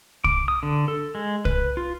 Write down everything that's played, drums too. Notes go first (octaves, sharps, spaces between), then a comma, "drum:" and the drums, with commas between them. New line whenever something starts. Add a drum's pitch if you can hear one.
D6, drum: kick
D#6
D3
A4
G#3
B4, drum: kick
F4